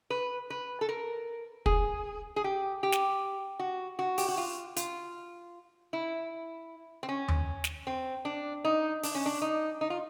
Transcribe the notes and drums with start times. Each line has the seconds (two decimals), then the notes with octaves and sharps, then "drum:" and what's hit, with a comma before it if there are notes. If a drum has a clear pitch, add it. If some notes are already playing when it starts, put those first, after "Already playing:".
0.10 B4
0.50 B4
0.81 A4
0.89 A#4
1.66 G#4, drum: kick
2.36 G#4
2.44 G4
2.83 G4
2.92 drum: snare
3.59 F#4
3.99 F#4
4.18 G4, drum: open hi-hat
4.28 F#4
4.38 F4
4.76 F4, drum: hi-hat
5.93 E4
7.03 C4
7.09 C#4
7.28 drum: tom D#2
7.64 drum: snare
7.87 C4
8.25 D4
8.65 D#4
9.03 D4, drum: open hi-hat
9.15 C#4
9.26 D4
9.42 D#4
9.81 D#4
9.90 F4